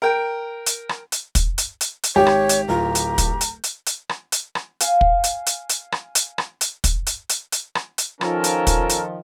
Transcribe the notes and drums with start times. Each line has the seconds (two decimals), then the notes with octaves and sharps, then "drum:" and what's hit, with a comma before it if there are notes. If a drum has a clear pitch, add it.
0.02 A#4 G5
0.66 drum: hi-hat
0.89 drum: rim click
1.12 drum: hi-hat
1.35 drum: kick, hi-hat
1.58 drum: hi-hat
1.81 drum: hi-hat
2.04 drum: hi-hat
2.16 G#1 G4 C#5
2.27 drum: rim click
2.49 drum: hi-hat
2.69 D1 F4 A#5
2.95 drum: hi-hat
3.18 drum: kick, hi-hat
3.41 drum: hi-hat
3.64 drum: hi-hat
3.87 drum: hi-hat
4.09 drum: rim click
4.32 drum: hi-hat
4.55 drum: rim click
4.81 F5 G#5, drum: hi-hat
5.01 drum: kick
5.24 drum: hi-hat
5.47 drum: hi-hat
5.69 drum: hi-hat
5.92 drum: rim click
6.15 drum: hi-hat
6.38 drum: rim click
6.61 drum: hi-hat
6.84 drum: kick, hi-hat
7.07 drum: hi-hat
7.30 drum: hi-hat
7.52 drum: hi-hat
7.75 drum: rim click
7.98 drum: hi-hat
8.21 D#3 F3 C#4 A4 A#4, drum: rim click
8.44 drum: hi-hat
8.67 drum: kick, hi-hat
8.90 drum: hi-hat